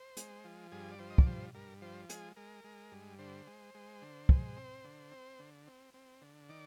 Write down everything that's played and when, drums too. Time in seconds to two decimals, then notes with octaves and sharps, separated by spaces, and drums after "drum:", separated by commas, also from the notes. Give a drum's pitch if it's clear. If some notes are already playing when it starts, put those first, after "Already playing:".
Already playing: C5
0.17 G#3, drum: hi-hat
0.44 F3
0.72 G2 G#4
0.92 D5
0.99 F3 C5
1.10 D#5
1.18 D5, drum: kick
1.26 G2 C5
1.55 G2 A#4
1.82 F3 C5
2.09 G#3 G#4, drum: hi-hat
2.36 G#3 A#4
2.64 G#3
2.91 G2
3.19 D3 C5
3.47 G#3
3.74 G#3
4.02 D3
4.29 G#3, drum: kick
4.56 C4
4.84 D3
5.11 C4
5.39 D3
5.67 C4
5.94 C4
6.21 D3
6.49 D#3 D5